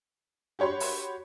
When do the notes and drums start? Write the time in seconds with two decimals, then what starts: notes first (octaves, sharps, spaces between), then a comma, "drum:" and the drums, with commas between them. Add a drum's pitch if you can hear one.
0.59 F#4 G4 C#5 B5 C6
0.80 drum: open hi-hat